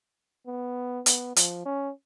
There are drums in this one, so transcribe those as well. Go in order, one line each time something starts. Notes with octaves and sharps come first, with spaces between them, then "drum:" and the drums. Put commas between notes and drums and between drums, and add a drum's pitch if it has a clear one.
B3
B3, drum: hi-hat
F3, drum: hi-hat
C#4